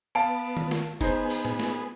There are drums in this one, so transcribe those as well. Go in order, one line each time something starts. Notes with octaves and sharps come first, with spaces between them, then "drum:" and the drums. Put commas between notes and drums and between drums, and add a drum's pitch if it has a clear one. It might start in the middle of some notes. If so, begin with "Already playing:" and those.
B3 F5 A5 D7
drum: tom D#3
drum: snare
B3 D#4 G#4 C5, drum: kick F1, hi-hat
drum: open hi-hat
drum: tom
drum: snare